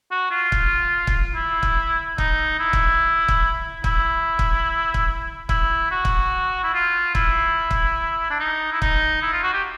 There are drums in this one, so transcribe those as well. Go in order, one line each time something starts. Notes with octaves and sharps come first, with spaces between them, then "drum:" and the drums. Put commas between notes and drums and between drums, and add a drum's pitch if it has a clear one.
F#4
F4
drum: kick
drum: kick
E4
drum: kick
D#4, drum: kick
E4
drum: kick
drum: kick
E4, drum: kick
drum: kick
drum: kick
E4, drum: kick
F#4
drum: kick
E4
F4
E4, drum: kick
drum: kick
D4
D#4
E4
D#4, drum: kick
E4
F4
F#4
G4